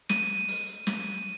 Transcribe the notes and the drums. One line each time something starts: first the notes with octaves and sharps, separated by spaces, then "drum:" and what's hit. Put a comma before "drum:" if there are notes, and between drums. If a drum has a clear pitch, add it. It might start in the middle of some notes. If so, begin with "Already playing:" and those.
D#7, drum: snare
drum: open hi-hat
drum: snare